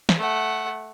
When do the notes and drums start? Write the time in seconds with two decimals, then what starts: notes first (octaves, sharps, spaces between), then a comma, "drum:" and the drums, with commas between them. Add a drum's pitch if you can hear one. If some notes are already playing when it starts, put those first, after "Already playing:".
0.09 drum: snare
0.18 A3 F#5